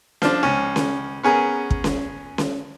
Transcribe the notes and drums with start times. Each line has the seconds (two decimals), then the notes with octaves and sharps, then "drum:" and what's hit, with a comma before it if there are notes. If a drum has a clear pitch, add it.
0.22 F3 D4, drum: snare C#4
0.43 C#2 C#4
0.76 drum: snare C#4
1.23 B3 C#4 G#4 A#4
1.70 drum: kick
1.84 drum: snare C#4
2.38 drum: snare C#4